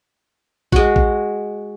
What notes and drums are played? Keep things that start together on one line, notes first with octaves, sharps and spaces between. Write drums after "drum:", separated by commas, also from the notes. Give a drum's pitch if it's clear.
G#3 F#4, drum: kick
drum: kick